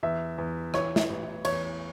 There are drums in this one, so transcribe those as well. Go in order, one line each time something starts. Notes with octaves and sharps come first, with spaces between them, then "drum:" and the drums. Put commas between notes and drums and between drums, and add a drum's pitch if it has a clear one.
E2 E5
E2
E3 C#5, drum: rim click
drum: snare
A1
E2 C#5, drum: cymbal